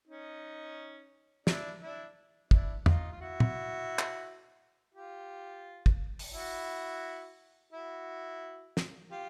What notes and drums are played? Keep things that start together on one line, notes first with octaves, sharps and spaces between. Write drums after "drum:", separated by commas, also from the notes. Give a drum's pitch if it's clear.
C#4 D#4
D4 E4, drum: snare
D4 E4
D4 E4, drum: kick
D#4 F4, drum: tom
F4
E4 F#4
drum: tom A#2
drum: clap
F4 G4
drum: kick
drum: open hi-hat
E4 F#4
E4 F#4
drum: snare
F4 G4